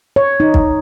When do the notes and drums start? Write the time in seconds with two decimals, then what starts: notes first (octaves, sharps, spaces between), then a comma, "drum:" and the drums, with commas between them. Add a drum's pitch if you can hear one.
0.16 C#5
0.40 D#4
0.54 drum: kick